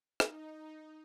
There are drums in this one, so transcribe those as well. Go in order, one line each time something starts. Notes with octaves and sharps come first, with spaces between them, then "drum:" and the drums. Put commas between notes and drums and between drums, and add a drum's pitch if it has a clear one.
D#4, drum: rim click